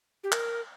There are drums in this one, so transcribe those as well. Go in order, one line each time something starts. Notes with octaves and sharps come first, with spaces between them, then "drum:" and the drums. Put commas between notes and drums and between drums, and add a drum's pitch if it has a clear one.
G4
A#4, drum: clap